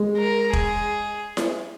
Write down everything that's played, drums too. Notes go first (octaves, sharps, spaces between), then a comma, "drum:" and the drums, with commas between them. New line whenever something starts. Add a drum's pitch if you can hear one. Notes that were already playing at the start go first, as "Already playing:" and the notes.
Already playing: G#3
A#4
G#4, drum: kick E1
drum: snare E4